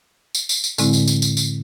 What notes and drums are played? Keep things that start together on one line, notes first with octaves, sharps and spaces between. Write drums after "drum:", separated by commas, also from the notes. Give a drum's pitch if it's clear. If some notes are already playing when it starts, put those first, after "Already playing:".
drum: tambourine
drum: tambourine
drum: tambourine
A2 D3 G#3 C4 E4, drum: tambourine
drum: tambourine
drum: tambourine
drum: tambourine
drum: tambourine